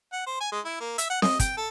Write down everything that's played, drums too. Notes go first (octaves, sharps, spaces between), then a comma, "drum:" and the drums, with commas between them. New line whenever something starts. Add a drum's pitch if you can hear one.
F#5
C5
G#5
G#3
E4
A#3
E5, drum: hi-hat
F#5
D#5, drum: snare C4
G5, drum: kick, hi-hat
A4